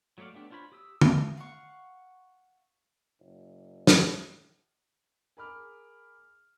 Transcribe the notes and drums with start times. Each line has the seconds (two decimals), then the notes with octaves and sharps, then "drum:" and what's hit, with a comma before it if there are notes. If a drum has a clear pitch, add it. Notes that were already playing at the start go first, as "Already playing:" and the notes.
0.18 F#3 A3 C#5 D5 F5
0.33 A3 B3 D4 G4
0.50 D4 F4 C5 C#5 B5
0.72 G4 D#6 E6
1.01 drum: tom
1.37 F5 F#5 C#6
3.20 F#1
3.87 drum: snare
5.37 G#4 A#4 B5 D6 F6